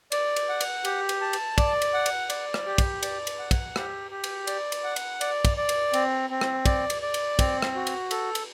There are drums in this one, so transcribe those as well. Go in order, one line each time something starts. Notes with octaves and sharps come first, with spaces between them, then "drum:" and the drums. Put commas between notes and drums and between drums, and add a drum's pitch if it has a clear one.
D5, drum: cymbal
drum: cymbal
F#5
drum: cymbal
G4, drum: cymbal
drum: cymbal
A5
drum: cymbal
D5, drum: kick, cymbal
drum: cymbal
F#5
drum: cymbal
D5, drum: cymbal
drum: rim click
G4
drum: kick, cymbal
D5, drum: cymbal
drum: cymbal
F#5
drum: kick, cymbal
G4, drum: rim click
G4
drum: cymbal
D5, drum: cymbal
drum: cymbal
F#5
drum: cymbal
D5, drum: cymbal
drum: kick, cymbal
D5
drum: cymbal
C4, drum: cymbal
C4
drum: rim click
D5, drum: kick, cymbal
drum: cymbal
D5
drum: cymbal
C4, drum: kick, cymbal
drum: rim click
F#4
drum: cymbal
A4, drum: cymbal
drum: cymbal